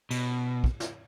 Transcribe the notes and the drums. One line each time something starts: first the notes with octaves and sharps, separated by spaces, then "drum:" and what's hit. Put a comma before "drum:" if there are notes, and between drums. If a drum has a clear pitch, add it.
B2, drum: cymbal
drum: kick
drum: snare